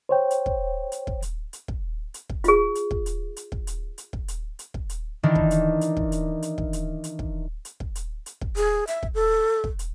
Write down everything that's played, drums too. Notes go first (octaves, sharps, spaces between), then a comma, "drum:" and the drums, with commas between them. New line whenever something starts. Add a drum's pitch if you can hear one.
C5 C#5 G5
drum: hi-hat
drum: kick
drum: hi-hat
drum: kick
drum: hi-hat
drum: hi-hat
drum: kick
drum: hi-hat
drum: kick
F4 G#4, drum: hi-hat
drum: hi-hat
drum: kick
drum: hi-hat
drum: hi-hat
drum: kick
drum: hi-hat
drum: hi-hat
drum: kick
drum: hi-hat
drum: hi-hat
drum: kick
drum: hi-hat
D#3 E3 D4 D#4
drum: kick
drum: hi-hat
drum: hi-hat
drum: kick
drum: hi-hat
drum: hi-hat
drum: kick
drum: hi-hat
drum: hi-hat
drum: kick
drum: hi-hat
drum: kick
drum: hi-hat
drum: hi-hat
drum: kick
G#4, drum: hi-hat
E5, drum: hi-hat
drum: kick
A4
drum: kick
drum: hi-hat